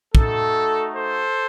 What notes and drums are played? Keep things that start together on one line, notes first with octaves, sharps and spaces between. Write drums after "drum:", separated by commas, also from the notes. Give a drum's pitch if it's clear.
A3 D#4 F#4 A4, drum: kick
A4 C5